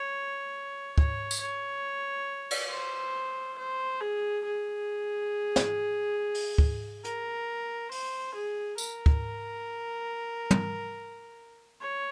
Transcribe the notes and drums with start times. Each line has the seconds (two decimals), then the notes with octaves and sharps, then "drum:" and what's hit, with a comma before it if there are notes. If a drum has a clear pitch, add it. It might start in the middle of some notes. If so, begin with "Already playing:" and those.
Already playing: C#5
0.98 C#5, drum: kick
1.31 drum: tambourine
1.41 C#5
2.51 drum: cymbal
2.71 C5
3.59 C5
4.01 G#4
4.45 G#4
5.56 drum: snare
6.35 drum: open hi-hat
6.58 drum: kick
7.05 A#4, drum: hi-hat
7.92 C5, drum: open hi-hat
8.35 G#4
8.78 A#4, drum: tambourine
9.06 drum: kick
10.51 drum: tom
11.81 C#5